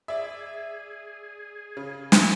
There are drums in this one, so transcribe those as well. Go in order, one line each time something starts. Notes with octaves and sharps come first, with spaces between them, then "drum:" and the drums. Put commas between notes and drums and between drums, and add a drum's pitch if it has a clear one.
G#4 D5 E5
C#3
drum: snare